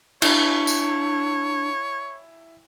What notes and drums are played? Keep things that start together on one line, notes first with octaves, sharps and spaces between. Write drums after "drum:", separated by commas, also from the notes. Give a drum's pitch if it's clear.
D4 E4 C#5, drum: cymbal
drum: tambourine